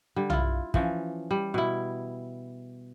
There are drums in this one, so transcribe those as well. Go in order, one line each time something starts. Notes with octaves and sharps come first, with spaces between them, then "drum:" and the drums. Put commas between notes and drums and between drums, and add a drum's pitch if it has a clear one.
D3 G3
E4 F4, drum: tom B1
E3 F3 C#4, drum: kick
G3
B2 E4